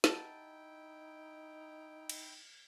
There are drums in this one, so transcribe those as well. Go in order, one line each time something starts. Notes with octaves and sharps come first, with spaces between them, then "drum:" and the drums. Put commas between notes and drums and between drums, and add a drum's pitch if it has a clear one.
D#4 E4 G4 F#5 G5 A5, drum: snare
drum: cymbal